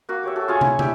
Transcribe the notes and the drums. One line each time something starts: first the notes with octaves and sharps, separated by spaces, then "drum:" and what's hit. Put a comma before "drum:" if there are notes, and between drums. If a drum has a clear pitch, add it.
A#3 F#4 F5
G4 C#5 E5
F#4 A4
F4 G#4 F5 C#6
E4, drum: tom
D4 E4 G4 E5, drum: tom